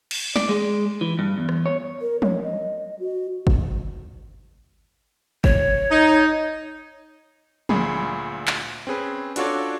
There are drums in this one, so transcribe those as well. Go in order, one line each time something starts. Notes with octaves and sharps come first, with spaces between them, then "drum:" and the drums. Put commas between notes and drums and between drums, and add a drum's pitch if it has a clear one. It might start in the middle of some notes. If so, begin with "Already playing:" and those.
drum: cymbal
D5, drum: snare
G#3
E3
G2
E2
drum: rim click
C#5
A#4
C#5, drum: tom
D#5
F#4
drum: kick G1
C#5, drum: kick G1
D#4
D2 A#2 G#4 B5, drum: tom
drum: clap
C4 C#4 G#4 B4
D4 F4 F#4 A4 C#5 D5, drum: hi-hat